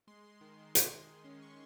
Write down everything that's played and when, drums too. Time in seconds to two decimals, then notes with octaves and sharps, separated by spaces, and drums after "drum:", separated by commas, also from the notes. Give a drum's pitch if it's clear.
0.07 G#3 C6
0.24 G#3
0.41 D#3
0.58 D#3
0.75 G#3, drum: hi-hat
0.91 D#3
1.08 G#3
1.24 C#4
1.41 D#3 C#6